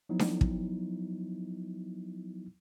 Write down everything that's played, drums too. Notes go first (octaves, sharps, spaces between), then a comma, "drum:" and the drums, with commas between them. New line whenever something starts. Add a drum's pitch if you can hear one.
F3 F#3 B3 D#4 E4
drum: snare D4
drum: kick